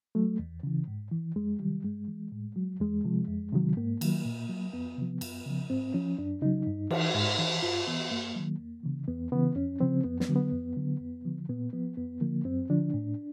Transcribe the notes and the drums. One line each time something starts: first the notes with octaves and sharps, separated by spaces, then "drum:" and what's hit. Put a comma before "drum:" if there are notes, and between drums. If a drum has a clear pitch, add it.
F#3 A3
E2
C#3 E3
G#2
E3
F2 G#3
C3 D#3 F#3 G3
G2 G#3
E3
A2
F#3
E2 G#3
C3 F3
F2
C3 D#3 F#3
G#2 A#3
D#3 F#3, drum: cymbal
A#2
F#3
F2 B3
C3 F3
F#2, drum: cymbal
C#3 F3
G#2 C4
F3 C#4
F#2 D4
C#3 F#3 D#4
G2
E3, drum: cymbal
G#2
E3
G2 F4
E3 B3
G2 A#3
D#3 F#3
E2
C#3 E3
E2 B3
C#3 E3 B3
F2 C#4
C#3 F3 C4
F2 B3
B3, drum: snare
D3 F#3
B3
F2
D3 F#3
F2
D3 F3
A#2 B3
F3 B3
F2 B3
D3 F3 A#3
F#2 C4
D3 F3 D4
A2